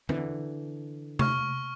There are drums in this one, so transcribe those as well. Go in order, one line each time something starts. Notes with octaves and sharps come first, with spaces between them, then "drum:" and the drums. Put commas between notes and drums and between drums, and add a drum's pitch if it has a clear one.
D3 E3, drum: tom E3
C#6 F6, drum: tom C3